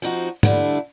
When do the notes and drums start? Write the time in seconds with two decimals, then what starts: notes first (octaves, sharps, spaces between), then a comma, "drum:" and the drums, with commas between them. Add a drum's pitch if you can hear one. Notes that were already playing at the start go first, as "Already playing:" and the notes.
0.02 F3 C4 D#4 F#4
0.43 D3 G3 A3 D4 E4, drum: tom G#2